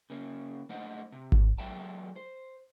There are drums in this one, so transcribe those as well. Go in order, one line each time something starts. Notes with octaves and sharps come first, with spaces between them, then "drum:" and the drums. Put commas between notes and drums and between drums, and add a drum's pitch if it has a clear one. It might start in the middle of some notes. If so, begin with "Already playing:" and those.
C#3 A#3 C#4
G#3 A3 D4 C5 D#5 F#5
C3
drum: kick G#1
F#3 G#3 A4 E5 G5 A5
C5